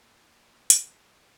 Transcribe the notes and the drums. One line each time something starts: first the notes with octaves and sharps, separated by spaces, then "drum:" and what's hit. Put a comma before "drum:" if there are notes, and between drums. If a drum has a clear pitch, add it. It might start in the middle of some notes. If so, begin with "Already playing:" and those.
Already playing: A#3
A3, drum: hi-hat